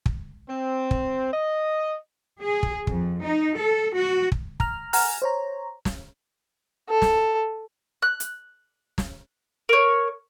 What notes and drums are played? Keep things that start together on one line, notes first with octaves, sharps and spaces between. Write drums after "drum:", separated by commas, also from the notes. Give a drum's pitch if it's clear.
drum: kick
C4
drum: kick
D#5
G#4
drum: kick
F2, drum: kick
D#4
A4
F#4
drum: kick
A#5 F6, drum: kick
F#5 G#5 A#5 F6, drum: open hi-hat
C5 C#5 A#5
drum: snare
A4
drum: snare
F#6
drum: hi-hat
drum: snare
A#4 C#5